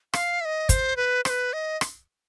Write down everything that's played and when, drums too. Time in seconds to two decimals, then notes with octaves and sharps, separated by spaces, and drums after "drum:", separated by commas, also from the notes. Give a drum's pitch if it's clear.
0.13 F5, drum: rim click
0.41 E5
0.45 D#5
0.69 C5, drum: kick, hi-hat
0.96 B4
1.25 C5, drum: rim click
1.30 B4
1.53 D#5
1.81 drum: rim click